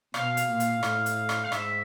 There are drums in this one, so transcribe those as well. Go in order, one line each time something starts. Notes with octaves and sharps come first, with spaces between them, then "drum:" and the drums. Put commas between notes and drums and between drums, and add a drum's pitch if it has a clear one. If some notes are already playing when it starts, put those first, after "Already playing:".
B2 F5, drum: rim click
drum: hi-hat
A#2
drum: hi-hat
A2, drum: rim click
drum: hi-hat
drum: rim click
F5
G#2 E5, drum: rim click